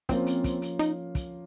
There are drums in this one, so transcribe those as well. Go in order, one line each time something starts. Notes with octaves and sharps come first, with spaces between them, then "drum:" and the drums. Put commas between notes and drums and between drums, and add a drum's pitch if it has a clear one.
F3 A#3 C4 C#4 F4, drum: kick, hi-hat
drum: hi-hat
drum: kick, hi-hat
drum: hi-hat
D#4, drum: hi-hat
drum: kick, hi-hat